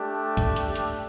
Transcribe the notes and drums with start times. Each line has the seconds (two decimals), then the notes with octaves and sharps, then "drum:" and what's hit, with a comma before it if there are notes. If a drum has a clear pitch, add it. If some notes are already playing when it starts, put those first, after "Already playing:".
Already playing: A3 D4 G4
0.37 drum: kick, hi-hat
0.56 drum: hi-hat
0.76 drum: hi-hat